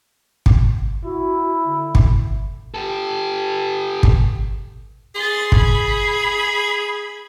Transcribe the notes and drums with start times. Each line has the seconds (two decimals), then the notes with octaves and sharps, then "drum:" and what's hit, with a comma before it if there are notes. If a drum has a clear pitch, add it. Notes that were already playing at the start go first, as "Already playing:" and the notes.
0.46 drum: kick
1.05 E4 F#4
1.65 D3
1.95 drum: kick
2.74 G4 A4
4.03 drum: kick
5.15 G#4 C6 A6
5.52 B5 G#6, drum: kick